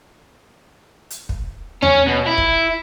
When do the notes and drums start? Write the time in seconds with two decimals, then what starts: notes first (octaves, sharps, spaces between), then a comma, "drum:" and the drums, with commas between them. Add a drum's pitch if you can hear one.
1.10 drum: hi-hat
1.29 drum: kick
1.82 C#4, drum: tom D#2
2.07 B2
2.27 E4
2.38 drum: kick